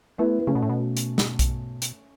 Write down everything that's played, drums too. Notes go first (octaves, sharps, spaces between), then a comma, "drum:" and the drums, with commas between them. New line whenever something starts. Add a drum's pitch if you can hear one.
A3 B3 E4
B3
C#3 A3 C#4
B2
A2
B2
drum: hi-hat
drum: snare
drum: kick B1, hi-hat
drum: hi-hat